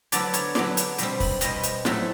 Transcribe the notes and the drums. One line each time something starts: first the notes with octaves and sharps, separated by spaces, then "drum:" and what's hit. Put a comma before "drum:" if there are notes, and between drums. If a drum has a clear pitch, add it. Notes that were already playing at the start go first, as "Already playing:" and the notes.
D3 F#3 B3 D4 D5, drum: hi-hat
C#5, drum: hi-hat
D3 F#3 B3 D4 D5, drum: snare
drum: hi-hat
B2 G3 C4, drum: hi-hat
drum: kick, open hi-hat
B2 G3 C4 D#5, drum: hi-hat
drum: hi-hat
A2 F#3 A3 C4, drum: snare